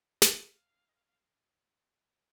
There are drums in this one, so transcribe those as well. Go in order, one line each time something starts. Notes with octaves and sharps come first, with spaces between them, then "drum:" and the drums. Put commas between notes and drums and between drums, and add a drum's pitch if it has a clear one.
F5, drum: snare
D#5
F5
F5